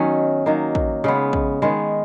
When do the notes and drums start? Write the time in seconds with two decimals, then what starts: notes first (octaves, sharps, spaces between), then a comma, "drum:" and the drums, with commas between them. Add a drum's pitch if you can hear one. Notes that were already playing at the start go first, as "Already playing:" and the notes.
Already playing: D#3 F#3 B3 C#4
0.46 D#3 F#3 A#3
0.75 drum: kick
1.04 C#3 G#3 B3
1.33 drum: kick
1.62 D#3 G#3 B3